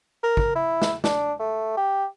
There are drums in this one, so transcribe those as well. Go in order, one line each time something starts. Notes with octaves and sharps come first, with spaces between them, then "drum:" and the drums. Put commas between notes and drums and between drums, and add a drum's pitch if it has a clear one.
A#4
drum: kick
E4
drum: snare
D4, drum: snare
A3
G4